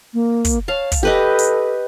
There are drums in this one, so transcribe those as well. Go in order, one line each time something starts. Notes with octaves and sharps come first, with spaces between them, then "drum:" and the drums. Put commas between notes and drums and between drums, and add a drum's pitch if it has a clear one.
A#3
drum: kick, hi-hat
C#5 F5 A5
drum: kick, hi-hat
G4 A4 B4 D#5
drum: hi-hat